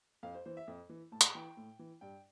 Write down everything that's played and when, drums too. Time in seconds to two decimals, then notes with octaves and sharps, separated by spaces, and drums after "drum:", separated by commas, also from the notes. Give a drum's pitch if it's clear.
0.23 F2 F5
0.34 C5
0.45 E3 C5
0.57 E5
0.68 F2
0.89 E3
1.12 A2 A5
1.21 drum: hi-hat
1.34 E3 G5
1.57 A2
1.79 E3
2.01 G2 G5